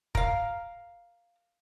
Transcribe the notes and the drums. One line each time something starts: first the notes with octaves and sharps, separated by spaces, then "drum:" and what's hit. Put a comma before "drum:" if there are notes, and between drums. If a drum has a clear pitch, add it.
A#4 F5, drum: kick